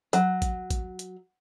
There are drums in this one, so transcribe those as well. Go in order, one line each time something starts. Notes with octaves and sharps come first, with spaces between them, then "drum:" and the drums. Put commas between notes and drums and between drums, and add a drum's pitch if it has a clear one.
F#3, drum: hi-hat
drum: kick, hi-hat
drum: kick, hi-hat
drum: hi-hat